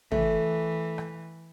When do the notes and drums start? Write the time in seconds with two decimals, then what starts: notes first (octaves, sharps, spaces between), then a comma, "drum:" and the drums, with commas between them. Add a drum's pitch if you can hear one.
0.12 E3 A3, drum: tom
0.98 drum: rim click